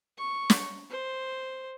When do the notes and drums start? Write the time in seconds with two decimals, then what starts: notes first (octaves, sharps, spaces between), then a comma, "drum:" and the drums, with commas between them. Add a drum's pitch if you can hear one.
0.18 C#6
0.50 drum: snare
0.90 C5